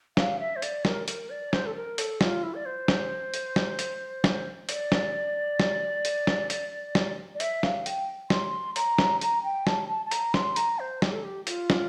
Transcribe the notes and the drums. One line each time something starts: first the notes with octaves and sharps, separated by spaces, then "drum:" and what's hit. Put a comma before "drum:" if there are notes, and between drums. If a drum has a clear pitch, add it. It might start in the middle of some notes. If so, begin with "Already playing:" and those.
F5, drum: snare
E5
C5
D5, drum: hi-hat
A#4, drum: snare
A#4, drum: hi-hat
D5
C5, drum: snare
A4
A#4
A4, drum: hi-hat
F4, drum: snare
E4
D5
C5
drum: snare
drum: hi-hat
drum: snare
drum: hi-hat
drum: snare
D5, drum: hi-hat
drum: snare
drum: snare
drum: hi-hat
drum: snare
drum: hi-hat
drum: snare
D5
E5, drum: hi-hat
F5, drum: snare
G5, drum: hi-hat
C6, drum: snare
A#5, drum: hi-hat
drum: snare
A#5, drum: hi-hat
G5
A5, drum: snare
A5
A5
A#5, drum: hi-hat
C6, drum: snare
A#5, drum: hi-hat
C5
G4, drum: snare
A4
G4
F4, drum: hi-hat
drum: snare